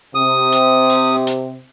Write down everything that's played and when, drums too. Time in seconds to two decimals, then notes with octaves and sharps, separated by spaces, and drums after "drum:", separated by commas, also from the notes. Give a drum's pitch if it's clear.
0.15 C3 D#6
0.52 drum: hi-hat
0.90 drum: open hi-hat
1.27 drum: hi-hat